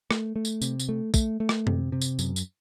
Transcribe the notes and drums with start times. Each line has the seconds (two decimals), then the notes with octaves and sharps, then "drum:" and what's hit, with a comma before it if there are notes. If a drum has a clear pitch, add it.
0.11 A3, drum: rim click
0.36 A3
0.45 drum: tambourine
0.62 C3, drum: tambourine
0.80 drum: tambourine
0.89 A3
1.14 A3, drum: kick, tambourine
1.40 A3
1.49 drum: rim click
1.67 C3, drum: tom F#2
1.92 C3
2.01 drum: tambourine
2.19 F#2, drum: tambourine
2.36 drum: tambourine